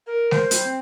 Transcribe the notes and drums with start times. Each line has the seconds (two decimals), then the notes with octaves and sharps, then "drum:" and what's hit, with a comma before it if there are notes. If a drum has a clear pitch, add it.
0.06 A#4
0.31 C5, drum: snare G#3
0.51 G3, drum: hi-hat
0.64 C4